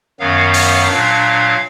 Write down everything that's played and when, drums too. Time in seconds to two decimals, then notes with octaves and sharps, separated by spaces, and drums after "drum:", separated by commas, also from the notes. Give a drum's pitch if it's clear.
0.20 F#2 D#3 F#3 B3 F5
0.54 F5, drum: open hi-hat
0.87 A#2 F#3 D4 F5